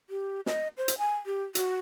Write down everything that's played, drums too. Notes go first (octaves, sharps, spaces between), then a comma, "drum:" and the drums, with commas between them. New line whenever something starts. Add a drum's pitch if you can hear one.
G4
D#5, drum: snare
C5
drum: hi-hat
G#5
G4
F#4, drum: hi-hat